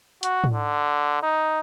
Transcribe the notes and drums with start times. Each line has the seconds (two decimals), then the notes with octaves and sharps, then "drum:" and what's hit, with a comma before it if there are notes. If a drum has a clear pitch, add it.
0.23 F#4, drum: hi-hat
0.44 drum: tom
0.53 D3
1.23 D#4